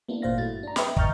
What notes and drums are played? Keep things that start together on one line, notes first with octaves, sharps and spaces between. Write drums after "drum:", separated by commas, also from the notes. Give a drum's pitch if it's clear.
A#3 B3 D4 E4
G#1 A#2 C5 F5 A#6
G2 A3 E4 F#4 A6
D4 A#5
B4 E5 G5 D#6, drum: snare
D#5 A#5 C#6 F6 G6 A6, drum: kick